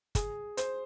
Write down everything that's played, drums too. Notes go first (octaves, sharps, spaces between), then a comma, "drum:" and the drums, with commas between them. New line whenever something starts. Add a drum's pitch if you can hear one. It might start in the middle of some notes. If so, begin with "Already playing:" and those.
G#4, drum: kick G1, hi-hat
C5, drum: hi-hat